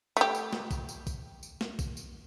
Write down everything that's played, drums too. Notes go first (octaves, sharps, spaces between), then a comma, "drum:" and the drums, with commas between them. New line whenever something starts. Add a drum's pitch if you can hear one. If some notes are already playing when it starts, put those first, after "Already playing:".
A3 G4, drum: tambourine
drum: tambourine
drum: snare
drum: kick, tambourine
drum: tambourine
drum: kick, tambourine
drum: tambourine
drum: snare
drum: kick, tambourine
drum: tambourine